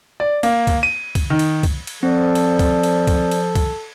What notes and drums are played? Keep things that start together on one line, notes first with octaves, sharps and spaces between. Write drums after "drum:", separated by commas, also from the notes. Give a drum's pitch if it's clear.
D5
A#3, drum: cymbal
drum: kick C2, cymbal
D#7
drum: kick C2, cymbal
D#3
drum: cymbal
drum: kick C2, cymbal
drum: cymbal
F3 C4 A4 D5
drum: cymbal
drum: kick C2, cymbal
drum: cymbal
drum: kick C2, cymbal
drum: cymbal
drum: kick C2, cymbal